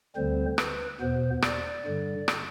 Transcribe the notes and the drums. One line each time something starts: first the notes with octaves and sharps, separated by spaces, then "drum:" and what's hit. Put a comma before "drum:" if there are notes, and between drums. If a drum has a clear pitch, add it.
D2 D3 G3 C4 C5
B4, drum: rim click
E2 B2 B3 C5
D5, drum: rim click
G2 D3 G3
drum: rim click